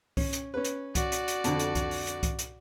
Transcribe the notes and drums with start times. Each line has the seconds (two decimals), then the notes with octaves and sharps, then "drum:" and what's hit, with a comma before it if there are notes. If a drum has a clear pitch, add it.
0.17 C#4, drum: kick C2, open hi-hat
0.33 drum: hi-hat
0.54 C#4 B4
0.65 drum: hi-hat
0.95 F#4 D5, drum: kick C2, hi-hat
1.12 drum: hi-hat
1.28 drum: hi-hat
1.44 F2 D3, drum: hi-hat
1.60 drum: hi-hat
1.75 drum: kick C2, hi-hat
1.91 drum: open hi-hat
2.07 drum: hi-hat
2.23 drum: kick C2, hi-hat
2.39 drum: hi-hat